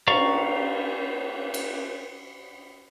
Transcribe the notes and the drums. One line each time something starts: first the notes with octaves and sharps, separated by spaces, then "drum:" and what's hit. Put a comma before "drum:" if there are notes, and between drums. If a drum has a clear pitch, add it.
D5 F5 A#5 C#6, drum: cymbal
drum: cymbal